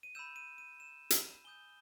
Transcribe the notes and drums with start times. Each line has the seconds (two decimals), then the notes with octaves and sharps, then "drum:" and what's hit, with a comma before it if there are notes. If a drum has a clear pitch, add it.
0.03 D#7
0.15 B5 E6 G6 E7
0.36 D#7
0.58 D#7
0.80 E7
1.10 drum: hi-hat
1.44 G#5 D#6 G6 G7